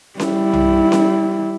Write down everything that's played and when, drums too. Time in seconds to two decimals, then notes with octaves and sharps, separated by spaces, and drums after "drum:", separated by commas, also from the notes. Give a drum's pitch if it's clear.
0.20 G3 E4, drum: snare C#4
0.53 drum: tom B1
0.92 drum: snare C#4